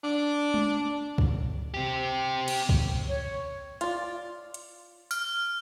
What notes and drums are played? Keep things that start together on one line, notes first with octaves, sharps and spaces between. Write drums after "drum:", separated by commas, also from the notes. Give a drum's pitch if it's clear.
D4
drum: tom G#3
drum: kick
C4 G4
drum: cymbal
drum: kick
C#5
F4 D5, drum: hi-hat
drum: hi-hat
F6, drum: tambourine